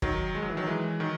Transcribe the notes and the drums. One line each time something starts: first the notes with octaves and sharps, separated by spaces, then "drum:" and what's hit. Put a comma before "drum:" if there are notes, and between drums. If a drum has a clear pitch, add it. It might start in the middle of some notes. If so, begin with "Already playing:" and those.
D#3 F#3, drum: kick
G#3
F#3
E3
D#3 F#3
E3 G#3
D#3 F#3